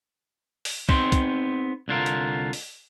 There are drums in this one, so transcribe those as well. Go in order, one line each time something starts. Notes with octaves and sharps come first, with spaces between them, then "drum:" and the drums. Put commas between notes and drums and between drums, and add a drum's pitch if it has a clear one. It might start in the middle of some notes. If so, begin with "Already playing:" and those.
drum: open hi-hat
B3 C4 D#4 G#4 G5 C6, drum: kick
drum: kick, hi-hat
C2 D3 F4 A#4
drum: hi-hat
drum: open hi-hat